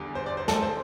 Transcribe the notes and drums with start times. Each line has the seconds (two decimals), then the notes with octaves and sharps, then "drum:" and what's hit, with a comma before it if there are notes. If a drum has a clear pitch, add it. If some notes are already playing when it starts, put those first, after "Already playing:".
Already playing: E2 D3 G3
0.15 C5
0.26 D5
0.37 C5
0.48 A4, drum: snare
0.62 C5